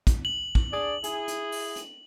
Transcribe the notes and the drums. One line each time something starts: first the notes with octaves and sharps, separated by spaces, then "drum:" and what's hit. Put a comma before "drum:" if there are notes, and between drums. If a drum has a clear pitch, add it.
drum: kick, hi-hat
F#7
drum: kick
D4 G#4 D5
E4 G#4, drum: hi-hat
drum: hi-hat
drum: open hi-hat
drum: hi-hat